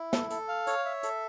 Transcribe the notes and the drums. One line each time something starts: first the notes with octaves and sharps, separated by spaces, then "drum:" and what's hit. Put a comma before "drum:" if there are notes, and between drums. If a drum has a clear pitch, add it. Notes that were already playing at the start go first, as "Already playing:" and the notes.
Already playing: E4
A4, drum: snare
A4, drum: hi-hat
F5
C#5, drum: hi-hat
E5
A4, drum: hi-hat